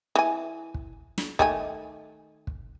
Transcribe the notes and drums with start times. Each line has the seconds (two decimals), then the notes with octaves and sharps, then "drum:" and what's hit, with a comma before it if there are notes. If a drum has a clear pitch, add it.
0.15 E3 G#5
0.74 drum: kick
1.18 drum: snare
1.39 D#3 A3 G#5, drum: kick
2.47 drum: kick